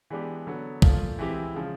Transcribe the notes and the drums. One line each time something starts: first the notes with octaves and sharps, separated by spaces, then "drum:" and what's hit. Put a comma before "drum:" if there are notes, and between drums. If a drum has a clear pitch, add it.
E3 G#3 B3 D4 G4
D3 F#3 B3
A#2 F3 A3, drum: kick
E3 G#3 C4 E4 G4
C#3 F3 G#3